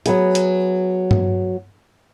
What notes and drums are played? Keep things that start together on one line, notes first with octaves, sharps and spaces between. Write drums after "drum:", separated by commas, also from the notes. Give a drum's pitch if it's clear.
F#3 B3 G#4, drum: hi-hat
drum: hi-hat
drum: tom G2